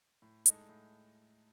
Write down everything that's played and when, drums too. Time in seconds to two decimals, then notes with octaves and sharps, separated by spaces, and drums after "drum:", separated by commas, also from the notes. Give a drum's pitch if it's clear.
0.22 A2
0.46 G#3 D#4 A4, drum: hi-hat
0.69 A2